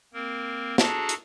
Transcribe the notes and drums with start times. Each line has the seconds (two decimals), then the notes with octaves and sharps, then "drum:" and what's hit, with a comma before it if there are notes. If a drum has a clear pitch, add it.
0.13 A#3 C4 A#4
0.78 D4 F#4 G#4 A4 A5 A#5, drum: snare
1.09 drum: hi-hat